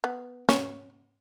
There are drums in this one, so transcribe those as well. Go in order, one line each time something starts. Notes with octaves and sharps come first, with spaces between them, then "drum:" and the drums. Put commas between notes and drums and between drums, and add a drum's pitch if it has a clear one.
B3
C#4, drum: snare